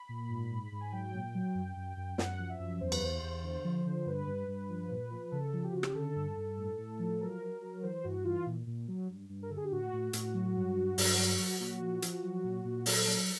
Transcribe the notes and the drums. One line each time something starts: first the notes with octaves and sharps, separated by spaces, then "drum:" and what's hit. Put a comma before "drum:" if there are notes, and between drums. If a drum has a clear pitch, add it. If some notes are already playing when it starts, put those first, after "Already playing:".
Already playing: B5
A#2
G#2
G#2
G#2
G#5
F#3 G5
A#2
F#3
F#2
F#2
F#2
F#2 F#5, drum: snare
F3
E5
F#2
E2 C5
B4, drum: cymbal
E2 C5
E2
D3
F3
D3
G2 B4
G2
G2
F3
A#2
F3
C#3 A4
F3
G4
C#3 F#4
G4, drum: rim click
D3 A4
G2
G2
A2
A2
F3
F#3 A#4
F#3
F#3
E3 C5
G2 F#4
E3 F4
A#2
A#2
F#3
G2
G2
A#4
D3 A4
G#4
G4
A2 F#4
A2
A2, drum: hi-hat
F#3
G2
F#3
G2, drum: open hi-hat
F#3
F#3
A#2 F#4
F3
F3, drum: hi-hat
F#3
A#2
A#2
F#3 A4, drum: open hi-hat
F#3